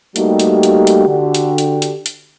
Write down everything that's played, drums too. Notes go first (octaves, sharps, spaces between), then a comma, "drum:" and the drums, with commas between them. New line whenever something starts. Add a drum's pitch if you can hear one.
G3 A3 A#3 D#4 F#4 G4, drum: hi-hat
drum: hi-hat
drum: hi-hat
drum: hi-hat
D3 F#4 G4
drum: hi-hat
drum: hi-hat
drum: hi-hat
drum: hi-hat